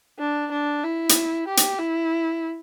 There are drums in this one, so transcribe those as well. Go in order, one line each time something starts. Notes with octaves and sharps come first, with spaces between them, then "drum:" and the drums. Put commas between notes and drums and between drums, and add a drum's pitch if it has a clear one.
D4
D4
E4
drum: hi-hat
G4
drum: hi-hat
E4